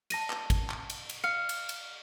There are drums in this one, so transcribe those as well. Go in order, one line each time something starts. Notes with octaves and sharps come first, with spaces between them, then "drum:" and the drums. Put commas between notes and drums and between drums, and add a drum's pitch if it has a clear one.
A5 A#6 D#7, drum: cymbal
drum: clap
drum: kick G#1, cymbal
drum: clap
drum: cymbal
drum: cymbal
F5 C#7
drum: cymbal
drum: cymbal